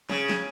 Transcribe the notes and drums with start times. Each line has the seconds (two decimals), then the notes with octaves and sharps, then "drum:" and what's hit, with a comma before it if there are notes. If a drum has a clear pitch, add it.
0.10 C#3, drum: snare
0.29 drum: snare